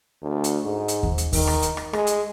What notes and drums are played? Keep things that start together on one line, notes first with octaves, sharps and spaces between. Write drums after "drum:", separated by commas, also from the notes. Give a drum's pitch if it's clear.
D2
drum: hi-hat
G#2
drum: hi-hat
drum: kick D#2
drum: hi-hat
D#3, drum: kick D#2, open hi-hat
drum: rim click
drum: hi-hat
drum: rim click
G#3, drum: rim click
drum: hi-hat